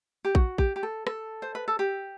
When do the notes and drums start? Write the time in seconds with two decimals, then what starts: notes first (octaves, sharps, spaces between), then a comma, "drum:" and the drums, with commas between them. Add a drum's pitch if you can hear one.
0.25 G4
0.35 F#4, drum: kick A#1
0.58 G4, drum: kick A#1
0.76 G4
0.83 A4
1.07 A4, drum: rim click
1.42 C5
1.55 B4
1.68 A4
1.79 G4